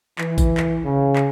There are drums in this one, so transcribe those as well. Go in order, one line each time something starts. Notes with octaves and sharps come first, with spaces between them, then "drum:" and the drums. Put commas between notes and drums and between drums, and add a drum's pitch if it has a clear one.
E3, drum: clap
drum: kick A1, tambourine
drum: clap
C#3
drum: clap